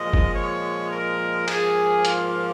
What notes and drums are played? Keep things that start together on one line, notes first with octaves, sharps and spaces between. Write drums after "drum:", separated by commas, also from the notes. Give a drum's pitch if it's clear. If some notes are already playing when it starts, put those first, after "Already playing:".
Already playing: A#2 F3 G#3 D#5
drum: kick G1
C#5
A#4
G#2 F3 A#3 G#4, drum: cymbal
F4, drum: hi-hat